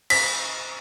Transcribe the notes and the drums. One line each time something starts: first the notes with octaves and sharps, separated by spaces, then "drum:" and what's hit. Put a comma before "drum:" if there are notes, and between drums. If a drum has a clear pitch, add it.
B6, drum: cymbal